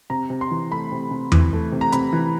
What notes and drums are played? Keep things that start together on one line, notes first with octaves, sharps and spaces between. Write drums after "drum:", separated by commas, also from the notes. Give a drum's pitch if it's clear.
C3 A#5
C3
C6
E3
A3 B5
C3
C3
E3, drum: tom E2
A3
C3
A#5
C3 B5, drum: hi-hat
E3